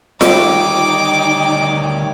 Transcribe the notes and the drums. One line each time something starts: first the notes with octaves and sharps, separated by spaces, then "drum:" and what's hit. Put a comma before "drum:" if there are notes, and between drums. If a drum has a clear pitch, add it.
D2 D#3 G3 D#4 C#5 G5 D6, drum: snare F4